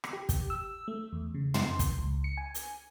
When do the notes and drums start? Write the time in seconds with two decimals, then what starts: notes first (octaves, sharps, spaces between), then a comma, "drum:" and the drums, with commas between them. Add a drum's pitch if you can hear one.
0.04 drum: rim click
0.13 G4
0.29 drum: kick, hi-hat
0.50 E6
0.88 A3
1.13 E2
1.34 C#3
1.54 C6, drum: tom
1.79 drum: kick, hi-hat
1.99 C#2
2.24 C#7
2.37 G#5
2.55 drum: hi-hat